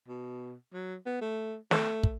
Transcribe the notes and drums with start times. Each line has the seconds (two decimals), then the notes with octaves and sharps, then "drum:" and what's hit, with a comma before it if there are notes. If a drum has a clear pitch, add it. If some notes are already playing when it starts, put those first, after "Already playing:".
0.08 B2
0.73 F#3
1.06 B3
1.21 A3
1.71 A3, drum: snare
2.03 drum: kick